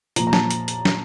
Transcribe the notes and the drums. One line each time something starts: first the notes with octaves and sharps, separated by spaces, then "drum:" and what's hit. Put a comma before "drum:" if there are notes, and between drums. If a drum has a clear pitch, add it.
A#2 F3 A#5, drum: hi-hat
A#5
A5, drum: snare
drum: hi-hat
drum: hi-hat
drum: snare